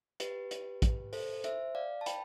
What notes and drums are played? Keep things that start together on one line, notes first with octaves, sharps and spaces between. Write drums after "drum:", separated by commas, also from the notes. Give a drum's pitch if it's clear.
G4 B4, drum: hi-hat
drum: hi-hat
drum: kick, hi-hat
A4 C5, drum: open hi-hat
C5 E5, drum: hi-hat
D5 F5
A5
G5 B5, drum: hi-hat